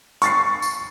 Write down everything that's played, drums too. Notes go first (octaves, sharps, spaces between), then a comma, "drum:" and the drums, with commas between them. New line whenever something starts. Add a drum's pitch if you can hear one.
C#6 A6 C7, drum: hi-hat
drum: tambourine